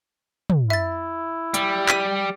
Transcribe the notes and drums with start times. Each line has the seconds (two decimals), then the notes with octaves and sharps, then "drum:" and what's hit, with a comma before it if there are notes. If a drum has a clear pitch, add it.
0.50 drum: tom
0.70 E4 E5 A6
1.54 G3, drum: hi-hat
1.89 B6 D#7, drum: clap